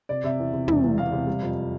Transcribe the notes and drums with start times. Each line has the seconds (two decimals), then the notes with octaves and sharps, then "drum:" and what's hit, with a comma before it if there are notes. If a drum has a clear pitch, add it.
0.09 C3 D5
0.24 C3 E5
0.39 E2
0.53 C3
0.68 E1, drum: tom
0.84 E2
0.98 E2 F5
1.12 C3
1.27 G3
1.42 F2